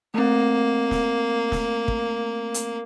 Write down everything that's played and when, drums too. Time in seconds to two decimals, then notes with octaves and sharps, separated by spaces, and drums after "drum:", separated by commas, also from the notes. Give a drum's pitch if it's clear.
0.14 A3 A#3 C4
0.91 drum: snare
1.52 drum: snare
1.88 drum: kick
2.54 drum: hi-hat